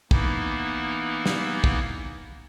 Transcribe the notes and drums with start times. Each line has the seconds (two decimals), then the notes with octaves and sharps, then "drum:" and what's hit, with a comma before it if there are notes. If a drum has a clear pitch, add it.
0.11 E3 A#3 B3 D#4 E4, drum: kick
1.26 drum: snare
1.64 drum: kick